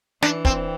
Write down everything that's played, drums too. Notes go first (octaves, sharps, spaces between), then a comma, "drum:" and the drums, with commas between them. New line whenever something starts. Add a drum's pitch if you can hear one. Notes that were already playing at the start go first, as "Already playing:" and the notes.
E3 D4, drum: snare
C4, drum: kick